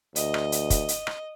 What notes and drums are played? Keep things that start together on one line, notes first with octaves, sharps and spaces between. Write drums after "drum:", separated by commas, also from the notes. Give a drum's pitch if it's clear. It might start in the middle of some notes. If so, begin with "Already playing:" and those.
D2 D#5, drum: hi-hat
drum: rim click
drum: hi-hat
drum: kick, hi-hat
drum: hi-hat
drum: rim click